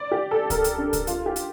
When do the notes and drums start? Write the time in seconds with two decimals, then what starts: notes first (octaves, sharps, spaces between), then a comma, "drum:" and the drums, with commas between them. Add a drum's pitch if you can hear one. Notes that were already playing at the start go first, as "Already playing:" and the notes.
Already playing: D5
0.11 G4
0.31 A4
0.50 A#4, drum: kick C#2, hi-hat
0.64 drum: hi-hat
0.78 D4
0.93 drum: kick C#2, hi-hat
1.07 F4, drum: hi-hat
1.26 G4
1.36 drum: hi-hat